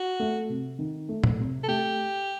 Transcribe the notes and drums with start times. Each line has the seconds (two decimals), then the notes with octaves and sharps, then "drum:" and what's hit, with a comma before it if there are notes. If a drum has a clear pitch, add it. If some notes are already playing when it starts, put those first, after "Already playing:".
Already playing: F#4
0.20 A3
0.50 C3
0.79 D#3
1.09 A3
1.24 drum: tom A#2
1.39 C3
1.63 A4
1.68 A3 G4